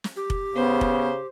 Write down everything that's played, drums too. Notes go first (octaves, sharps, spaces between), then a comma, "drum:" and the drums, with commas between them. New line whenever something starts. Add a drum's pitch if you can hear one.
drum: snare
G4
drum: kick F1
C#3 B3 C5
drum: kick F1